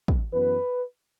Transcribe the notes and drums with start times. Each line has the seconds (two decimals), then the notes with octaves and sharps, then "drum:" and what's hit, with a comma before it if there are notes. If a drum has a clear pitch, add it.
0.08 drum: kick
0.33 F#2 E3 B3 B4